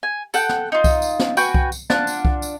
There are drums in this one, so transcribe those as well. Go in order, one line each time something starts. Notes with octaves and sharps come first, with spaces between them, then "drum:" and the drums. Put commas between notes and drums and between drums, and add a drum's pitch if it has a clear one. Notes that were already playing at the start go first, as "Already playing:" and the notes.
G#5
A4 F#5 G5, drum: tambourine
drum: snare
D#4 F4
drum: kick C2, tambourine
drum: tambourine
drum: snare
F#4 B4 G5 G#5, drum: tambourine
drum: kick C2
drum: tambourine
D4 F4 F#5 A5, drum: snare
drum: tambourine
drum: kick C2
drum: tambourine